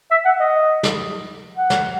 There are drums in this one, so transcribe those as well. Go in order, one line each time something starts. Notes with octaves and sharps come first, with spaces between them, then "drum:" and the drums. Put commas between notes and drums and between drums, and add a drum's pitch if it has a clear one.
E5
F#5
D#5
drum: snare
F#5
drum: snare